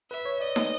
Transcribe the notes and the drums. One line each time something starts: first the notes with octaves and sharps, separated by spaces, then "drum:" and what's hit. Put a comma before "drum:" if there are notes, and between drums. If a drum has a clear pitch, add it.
B4 E5
C#5
D5 D#5
drum: snare